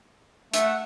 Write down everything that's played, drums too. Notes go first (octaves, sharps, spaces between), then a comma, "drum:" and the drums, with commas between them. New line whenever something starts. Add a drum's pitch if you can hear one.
A3 E5 F#5, drum: hi-hat